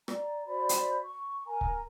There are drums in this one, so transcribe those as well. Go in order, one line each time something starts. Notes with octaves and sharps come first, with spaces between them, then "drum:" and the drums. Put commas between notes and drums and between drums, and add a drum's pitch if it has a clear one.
D5 A#5, drum: rim click
F#4 C5 D5 B5
drum: hi-hat
C#6
A#4 G#5 A#5
drum: kick C#1